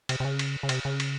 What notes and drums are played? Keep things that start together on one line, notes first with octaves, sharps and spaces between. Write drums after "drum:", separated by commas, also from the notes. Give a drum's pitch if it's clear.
C3, drum: cymbal
C3
C#3
drum: cymbal
C#3
C3, drum: cymbal
C#3
drum: cymbal